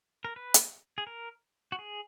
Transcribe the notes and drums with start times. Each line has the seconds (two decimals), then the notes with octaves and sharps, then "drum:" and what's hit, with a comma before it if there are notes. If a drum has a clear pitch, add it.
0.25 A#4
0.36 B4
0.54 drum: hi-hat
0.98 G#4
1.07 A#4
1.72 F#4
1.79 G#4